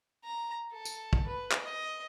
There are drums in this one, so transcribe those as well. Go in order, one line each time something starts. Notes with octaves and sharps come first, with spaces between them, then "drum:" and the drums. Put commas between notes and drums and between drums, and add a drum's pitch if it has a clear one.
A#5
A4
drum: tambourine
drum: kick
B4
drum: clap
D#5